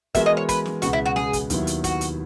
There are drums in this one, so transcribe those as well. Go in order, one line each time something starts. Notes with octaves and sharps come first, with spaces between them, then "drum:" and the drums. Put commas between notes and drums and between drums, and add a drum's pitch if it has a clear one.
E3 G#3 B3 F#4 A#4 E5, drum: kick, hi-hat
D#5
C#5
B4, drum: kick, hi-hat
drum: snare
C#2 B2 G#3 B3 F#4, drum: hi-hat
E4
F#4
G#4, drum: snare
drum: kick, hi-hat
D#2 D#3 F#3 B3 E4, drum: hi-hat
drum: hi-hat
F#4, drum: kick, hi-hat
drum: hi-hat